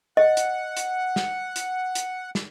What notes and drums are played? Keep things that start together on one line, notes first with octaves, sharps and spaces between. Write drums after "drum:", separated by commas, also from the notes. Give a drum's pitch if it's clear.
D#5 F#5
drum: hi-hat
drum: hi-hat
drum: snare
drum: hi-hat
drum: hi-hat
drum: snare